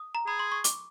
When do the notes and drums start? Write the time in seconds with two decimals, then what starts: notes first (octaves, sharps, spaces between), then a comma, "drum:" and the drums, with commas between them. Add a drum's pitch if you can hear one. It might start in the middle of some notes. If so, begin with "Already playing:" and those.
Already playing: D#6
0.15 A#5
0.27 G#4 B5
0.39 C6
0.52 C#6
0.64 D6, drum: hi-hat